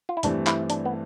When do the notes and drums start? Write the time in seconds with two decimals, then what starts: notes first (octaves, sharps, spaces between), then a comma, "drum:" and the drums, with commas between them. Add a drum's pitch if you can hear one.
0.09 F4
0.17 E4
0.23 G2 E3 A3 C4 D4, drum: hi-hat
0.47 E4, drum: clap
0.70 D4, drum: hi-hat
0.85 B3